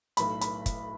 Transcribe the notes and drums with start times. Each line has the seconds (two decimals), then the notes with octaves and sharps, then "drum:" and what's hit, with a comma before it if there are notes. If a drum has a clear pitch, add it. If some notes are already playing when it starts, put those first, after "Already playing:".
0.17 B1 A2 A3 B5, drum: hi-hat
0.41 B5, drum: hi-hat
0.66 drum: kick, hi-hat